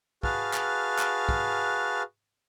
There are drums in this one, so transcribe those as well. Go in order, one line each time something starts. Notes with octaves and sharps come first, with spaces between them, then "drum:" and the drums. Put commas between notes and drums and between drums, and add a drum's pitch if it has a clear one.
F#4 G#4 B4 F5 A5 F6, drum: kick
drum: clap
drum: clap
drum: kick